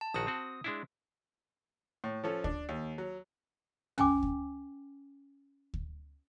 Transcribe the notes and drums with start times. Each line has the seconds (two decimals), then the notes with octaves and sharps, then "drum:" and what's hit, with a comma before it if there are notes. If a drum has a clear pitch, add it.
0.01 A5
0.14 A#1 D#3 F#4 D#6
0.27 C4 F#4
0.64 G#3 D4 E4
2.04 A2
2.24 F3 C#4 A4
2.44 D4, drum: kick D2
2.69 D#2
2.98 F#3
3.98 C#4 G5 G#5 D6, drum: tom
4.23 drum: kick D2
5.74 drum: kick D2